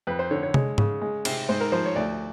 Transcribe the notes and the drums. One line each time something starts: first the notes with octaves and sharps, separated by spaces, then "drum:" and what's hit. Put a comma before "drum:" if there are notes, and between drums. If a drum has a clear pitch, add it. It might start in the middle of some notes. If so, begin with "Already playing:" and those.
F2 B4
C5
D3 C#5
C#5
G#3, drum: tom C3
C#3, drum: tom G#2
G#3
C3, drum: cymbal
G#2 C5
A#4
F3 C5
C#5
D2 D5